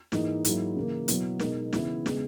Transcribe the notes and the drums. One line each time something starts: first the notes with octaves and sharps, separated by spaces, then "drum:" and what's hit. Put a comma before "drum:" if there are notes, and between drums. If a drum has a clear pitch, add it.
G#2 E3 A#3 D#4, drum: snare
G#2 F#3 A#3 E4, drum: hi-hat
C#3 E3 A#3
B2 F#3 B3 E4, drum: hi-hat
B2 G#3 D#4 A#4, drum: snare
C#3 E3 B3 E4, drum: snare
C#3 G#3 B3, drum: snare